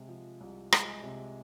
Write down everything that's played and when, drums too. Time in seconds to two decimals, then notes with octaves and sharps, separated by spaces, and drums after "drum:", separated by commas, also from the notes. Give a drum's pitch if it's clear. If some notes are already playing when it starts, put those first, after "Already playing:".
Already playing: C3 G#3
0.08 F3
0.41 C2
0.72 G#3, drum: rim click
1.03 C3